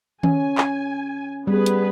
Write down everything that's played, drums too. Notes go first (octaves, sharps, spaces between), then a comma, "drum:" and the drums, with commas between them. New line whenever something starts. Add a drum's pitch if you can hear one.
C#4 G#5, drum: tom D#3
drum: clap
G3 B3 G#4 B4
drum: hi-hat